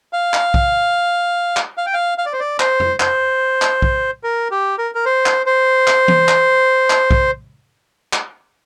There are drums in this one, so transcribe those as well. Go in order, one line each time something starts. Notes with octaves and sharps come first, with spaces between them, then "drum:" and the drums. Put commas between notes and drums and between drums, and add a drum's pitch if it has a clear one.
F5
drum: clap
drum: kick
drum: clap
F5
G5
F5
F5
D5
C5
D5
C5, drum: clap
drum: tom F2
C5, drum: clap
drum: clap
drum: kick
A#4
G4
A#4
A#4
C5
drum: clap
C5
drum: clap
drum: tom E3
drum: clap
drum: clap
drum: kick
drum: clap